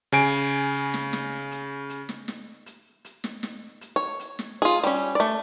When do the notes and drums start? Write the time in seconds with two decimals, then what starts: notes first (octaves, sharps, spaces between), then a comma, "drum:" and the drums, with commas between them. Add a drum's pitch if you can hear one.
0.12 C#3 G#5 D7
0.36 drum: hi-hat
0.75 drum: hi-hat
0.94 drum: snare
1.13 drum: snare
1.51 drum: hi-hat
1.90 drum: hi-hat
2.09 drum: snare
2.28 drum: snare
2.66 drum: hi-hat
3.05 drum: hi-hat
3.24 drum: snare
3.43 drum: snare
3.81 drum: hi-hat
3.96 C#5
4.20 drum: hi-hat
4.39 drum: snare
4.62 F4 G#4
4.84 G3 C#4
4.96 drum: hi-hat
5.15 A3 D5